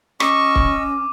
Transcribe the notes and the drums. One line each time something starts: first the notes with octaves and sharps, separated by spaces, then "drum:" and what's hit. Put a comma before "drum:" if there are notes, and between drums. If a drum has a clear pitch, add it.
C#4 D#5 C#6 D6 E6 D#7, drum: rim click
drum: kick C#1